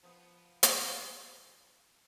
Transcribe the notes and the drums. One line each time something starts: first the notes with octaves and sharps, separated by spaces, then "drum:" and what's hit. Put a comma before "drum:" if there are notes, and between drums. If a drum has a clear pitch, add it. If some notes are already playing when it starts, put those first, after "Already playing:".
F3 B3
drum: hi-hat